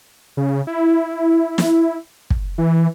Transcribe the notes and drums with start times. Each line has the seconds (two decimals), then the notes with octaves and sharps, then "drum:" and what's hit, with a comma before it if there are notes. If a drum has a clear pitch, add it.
0.37 C#3
0.67 E4
1.58 drum: snare
2.30 drum: kick
2.58 E3